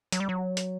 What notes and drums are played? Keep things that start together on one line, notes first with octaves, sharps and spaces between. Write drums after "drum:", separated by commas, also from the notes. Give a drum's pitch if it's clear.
F#3, drum: hi-hat
G3
F#3
drum: hi-hat